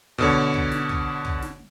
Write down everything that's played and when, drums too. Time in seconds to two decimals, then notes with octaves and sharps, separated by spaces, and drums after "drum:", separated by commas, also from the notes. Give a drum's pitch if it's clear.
0.18 B2 D3 C#5, drum: kick
0.54 drum: kick
0.71 drum: snare
0.89 drum: kick
1.25 drum: kick
1.42 drum: snare